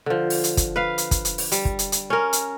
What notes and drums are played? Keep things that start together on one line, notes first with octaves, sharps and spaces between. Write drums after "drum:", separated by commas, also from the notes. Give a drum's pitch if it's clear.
D3 F3
drum: open hi-hat
drum: hi-hat
drum: kick, hi-hat
B4 F5
drum: hi-hat
drum: kick, hi-hat
drum: hi-hat
drum: open hi-hat
G3, drum: hi-hat
drum: kick
drum: hi-hat
drum: hi-hat
C#4 A#4
drum: hi-hat